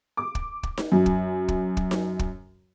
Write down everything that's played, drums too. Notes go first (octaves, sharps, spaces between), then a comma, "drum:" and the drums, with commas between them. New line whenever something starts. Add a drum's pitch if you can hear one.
D6
drum: kick
drum: kick
drum: snare D#4
F#2
drum: kick
drum: kick
drum: kick
drum: snare D#4
drum: kick